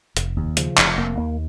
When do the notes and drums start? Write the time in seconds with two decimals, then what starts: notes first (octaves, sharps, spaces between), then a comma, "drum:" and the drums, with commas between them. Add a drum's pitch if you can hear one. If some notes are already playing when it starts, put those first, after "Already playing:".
0.17 F1, drum: hi-hat
0.37 D#2
0.57 C#3 F3, drum: hi-hat
0.78 F1, drum: clap
0.98 F1 A#3
1.18 D#2 A#3